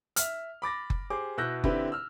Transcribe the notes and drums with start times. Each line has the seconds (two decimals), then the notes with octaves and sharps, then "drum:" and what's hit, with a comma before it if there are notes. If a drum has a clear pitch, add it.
0.16 E5 F6, drum: hi-hat
0.62 B5 D6 A6 A#6
0.90 drum: kick F#1
1.10 G4 G#4 C5 D6
1.38 B2 E4 E6 F#6 G6 A#6
1.64 D3 C4 E4 G4 B4, drum: kick F#1
1.92 E6 F6